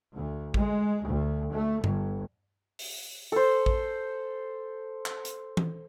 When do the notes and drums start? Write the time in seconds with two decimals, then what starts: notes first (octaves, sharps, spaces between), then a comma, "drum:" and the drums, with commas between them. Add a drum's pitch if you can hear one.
0.13 D2
0.54 G#3, drum: kick A1
1.05 D2
1.52 A3
1.84 G1, drum: tom G2
2.79 drum: open hi-hat
3.32 A4 C5
3.66 drum: kick A1
5.06 drum: clap
5.25 drum: hi-hat
5.57 drum: tom E3